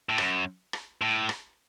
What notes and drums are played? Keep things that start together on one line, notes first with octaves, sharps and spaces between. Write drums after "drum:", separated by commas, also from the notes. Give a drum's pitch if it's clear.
A2
F#2, drum: rim click
drum: rim click
A2
drum: rim click